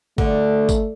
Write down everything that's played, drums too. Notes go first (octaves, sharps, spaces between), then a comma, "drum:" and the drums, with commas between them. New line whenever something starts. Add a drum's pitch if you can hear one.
D3 A3, drum: kick
drum: kick, tambourine